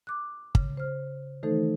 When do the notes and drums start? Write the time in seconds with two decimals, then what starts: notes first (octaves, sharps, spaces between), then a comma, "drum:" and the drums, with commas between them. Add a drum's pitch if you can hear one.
0.07 D6 F#6
0.55 C#3, drum: kick
0.77 C5 F6
1.43 D#3 E3 A3 D#4 A4 C5